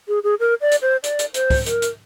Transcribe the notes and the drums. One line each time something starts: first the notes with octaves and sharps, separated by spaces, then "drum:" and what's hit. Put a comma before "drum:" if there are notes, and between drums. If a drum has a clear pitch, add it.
G#4
G#4
A#4
D5
drum: hi-hat
C5
D5, drum: hi-hat
drum: hi-hat
C5, drum: hi-hat
drum: kick, open hi-hat
A#4, drum: hi-hat
drum: hi-hat